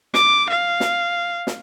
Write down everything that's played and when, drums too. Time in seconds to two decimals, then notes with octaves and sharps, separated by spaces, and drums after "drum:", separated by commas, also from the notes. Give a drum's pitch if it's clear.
0.14 D6, drum: snare
0.49 F5
0.80 drum: snare
1.47 drum: snare